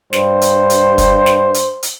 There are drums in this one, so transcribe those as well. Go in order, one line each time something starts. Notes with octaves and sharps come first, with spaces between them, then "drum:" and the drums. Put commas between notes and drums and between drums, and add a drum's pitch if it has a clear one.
G2 C5, drum: snare
drum: hi-hat
drum: hi-hat
drum: kick, hi-hat
drum: snare
drum: hi-hat
drum: hi-hat